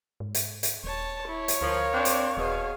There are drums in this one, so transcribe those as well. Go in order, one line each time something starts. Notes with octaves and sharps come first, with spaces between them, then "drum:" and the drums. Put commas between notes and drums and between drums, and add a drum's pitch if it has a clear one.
G#2
drum: hi-hat
drum: hi-hat
D#1 C#5 A5
E4 C#5
drum: hi-hat
D2 F3 A#4 F5
C4 D4
drum: hi-hat
D#1 B2 G#4 F5